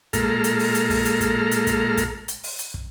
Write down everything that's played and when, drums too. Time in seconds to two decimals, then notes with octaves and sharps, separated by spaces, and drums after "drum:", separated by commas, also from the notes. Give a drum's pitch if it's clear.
0.13 A#2 G#3 A4 A#5 F6, drum: kick, hi-hat
0.44 drum: hi-hat
0.59 drum: open hi-hat
0.75 drum: hi-hat
0.90 drum: kick, open hi-hat
1.05 drum: hi-hat
1.21 drum: kick, hi-hat
1.51 drum: hi-hat
1.67 drum: kick, hi-hat
1.97 drum: kick, hi-hat
2.28 drum: hi-hat
2.43 drum: open hi-hat
2.59 drum: hi-hat
2.74 drum: kick